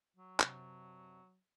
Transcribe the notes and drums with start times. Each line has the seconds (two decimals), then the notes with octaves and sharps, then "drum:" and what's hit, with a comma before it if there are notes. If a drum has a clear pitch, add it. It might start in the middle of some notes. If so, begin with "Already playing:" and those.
0.17 F#3
0.40 F#2 C3 D4, drum: clap